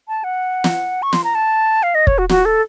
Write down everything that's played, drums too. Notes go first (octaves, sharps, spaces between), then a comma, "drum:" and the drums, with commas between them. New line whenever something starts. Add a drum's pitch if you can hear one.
A5
F#5
drum: snare
C#6
C6, drum: snare
A#5
A5
F5
D#5
C#5, drum: kick
F#4
F#4, drum: snare
A4